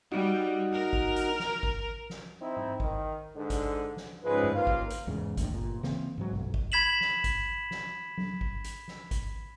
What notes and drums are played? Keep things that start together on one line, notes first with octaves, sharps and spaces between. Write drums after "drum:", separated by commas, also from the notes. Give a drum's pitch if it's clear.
G3 D#4 F#4
A#4
drum: kick G#1
drum: hi-hat
drum: snare
drum: kick G#1
drum: snare
C4 D#4 E4
drum: tom G#2
D#3, drum: kick G#1
G#2 D3
drum: kick G#1, hi-hat
drum: snare
C#2 G#2 C#3 F3 G#3 B4
drum: tom F#2
D#2 A#3 F4 F5
drum: kick G#1
drum: hi-hat
E2 G#2 C#3
G1 D2 A2 D3, drum: kick G#1, hi-hat
G1 A#2
C#3 E3 A#3 C4, drum: snare
G#2 F#3
B1, drum: tom F#2
drum: kick G#1
B5 G#6 B6 E7 F#7
drum: snare
drum: kick G#1, hi-hat
drum: snare
drum: tom F#3
drum: kick G#1
drum: hi-hat
drum: snare
drum: kick G#1, hi-hat